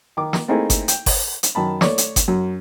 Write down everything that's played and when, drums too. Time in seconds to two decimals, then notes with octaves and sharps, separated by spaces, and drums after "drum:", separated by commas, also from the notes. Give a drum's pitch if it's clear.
0.17 D#3 D6
0.33 drum: snare
0.48 A3 A#3 C4 D#4 E4 G#4
0.70 drum: kick G1, hi-hat
0.88 G5, drum: hi-hat
1.06 drum: kick G1, open hi-hat
1.43 drum: hi-hat
1.55 F#2 D#3 A5 B5
1.81 A3 C#5 D5, drum: snare
1.98 drum: hi-hat
2.16 drum: kick G1, hi-hat
2.28 F#2